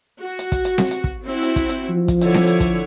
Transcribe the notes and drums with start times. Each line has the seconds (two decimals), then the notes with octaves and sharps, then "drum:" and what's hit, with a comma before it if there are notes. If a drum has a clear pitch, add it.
0.20 F#4
0.39 drum: hi-hat
0.52 drum: kick, hi-hat
0.65 drum: hi-hat
0.78 drum: snare C4
0.91 drum: hi-hat
1.04 drum: kick
1.24 C4 E4 F#4
1.43 drum: hi-hat
1.56 drum: kick, hi-hat
1.69 drum: hi-hat
1.90 F3
2.08 drum: kick, hi-hat
2.21 D3 E4 C#5, drum: hi-hat
2.34 drum: snare C4
2.47 drum: hi-hat
2.60 drum: kick, hi-hat